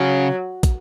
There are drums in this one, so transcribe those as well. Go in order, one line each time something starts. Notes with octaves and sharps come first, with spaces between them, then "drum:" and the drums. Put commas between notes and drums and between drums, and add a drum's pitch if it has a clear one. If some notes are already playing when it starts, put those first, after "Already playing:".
Already playing: C#3 F#3
drum: kick, hi-hat